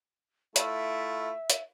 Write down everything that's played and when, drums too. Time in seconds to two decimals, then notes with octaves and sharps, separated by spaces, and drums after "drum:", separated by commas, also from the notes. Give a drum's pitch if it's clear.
0.56 A3 E4 F4 E5, drum: hi-hat
1.50 drum: hi-hat